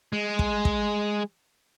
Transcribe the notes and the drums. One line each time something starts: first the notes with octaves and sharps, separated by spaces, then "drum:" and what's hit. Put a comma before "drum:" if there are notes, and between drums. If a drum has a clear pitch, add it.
G#3
drum: kick
drum: kick